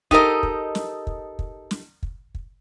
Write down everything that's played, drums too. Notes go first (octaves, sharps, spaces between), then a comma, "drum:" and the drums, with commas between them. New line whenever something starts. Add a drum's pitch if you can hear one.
D#4 G4 A4 A#4 D#5, drum: kick
drum: kick
drum: snare
drum: kick
drum: kick
drum: snare
drum: kick
drum: kick